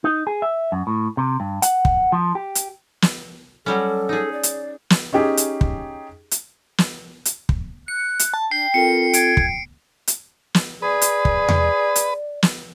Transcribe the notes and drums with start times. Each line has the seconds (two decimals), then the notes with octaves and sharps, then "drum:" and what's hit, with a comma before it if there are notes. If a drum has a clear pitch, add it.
0.04 D#4
0.27 G#4
0.42 E5
0.72 F#2
0.87 A2
1.17 C3
1.40 G2
1.62 F#5, drum: hi-hat
1.85 drum: kick
2.12 F3
2.35 G4
2.55 drum: hi-hat
3.02 drum: snare
3.66 F#3 G3 C#4 A4
4.09 D#4 G#4
4.32 D5
4.43 drum: hi-hat
4.90 drum: snare
5.13 C#4 D#4 G4 G#4
5.37 drum: hi-hat
5.61 drum: kick
6.31 drum: hi-hat
6.78 drum: snare
7.25 drum: hi-hat
7.49 drum: kick
7.88 F#6 C#7
8.19 drum: hi-hat
8.34 A5
8.51 D4 G5 C7
8.74 C4 F4 A4 A#4 C#7
9.13 G#6 D7, drum: hi-hat
9.37 drum: kick
10.07 drum: hi-hat
10.55 drum: snare
10.82 G#4 B4 D5
11.02 drum: hi-hat
11.25 drum: kick
11.49 drum: tom E2
11.96 drum: hi-hat
12.43 drum: snare